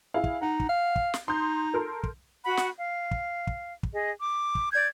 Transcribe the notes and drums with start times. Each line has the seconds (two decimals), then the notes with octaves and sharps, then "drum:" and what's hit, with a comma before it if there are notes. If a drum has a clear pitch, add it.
0.14 E4 G#4 F5
0.24 drum: kick
0.42 D#4 F#5
0.60 drum: kick
0.69 F5
0.96 drum: kick
1.14 drum: snare
1.28 D#4 C6 D#6 G6
1.74 A4 A#4 C6
2.03 drum: kick
2.45 F#4 F#5 B5
2.57 drum: snare
2.77 F5
3.11 drum: kick
3.47 drum: kick
3.83 drum: kick
3.93 G#4 D#5
4.21 D6
4.55 drum: kick
4.73 D5 G6 G#6